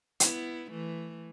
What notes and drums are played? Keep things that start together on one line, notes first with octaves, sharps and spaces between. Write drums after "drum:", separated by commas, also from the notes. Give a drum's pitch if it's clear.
B3 E4, drum: hi-hat
E3 A3